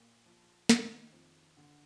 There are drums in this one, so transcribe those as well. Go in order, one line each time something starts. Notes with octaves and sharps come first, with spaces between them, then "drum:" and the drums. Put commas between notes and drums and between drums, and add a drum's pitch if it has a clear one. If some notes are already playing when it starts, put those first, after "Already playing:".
Already playing: A#2 A#3
F3
D#3, drum: snare
F2
D3